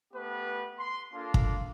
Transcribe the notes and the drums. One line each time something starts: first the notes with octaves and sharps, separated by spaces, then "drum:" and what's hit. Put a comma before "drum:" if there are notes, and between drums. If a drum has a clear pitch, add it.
A3 B3 G4 B4
C6
A#3 D4 F4 A4
drum: kick